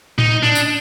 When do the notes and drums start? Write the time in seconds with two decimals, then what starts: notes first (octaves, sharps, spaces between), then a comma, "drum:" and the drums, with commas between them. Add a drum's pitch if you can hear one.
0.19 D#4, drum: tom A2
0.43 D4
0.55 drum: tambourine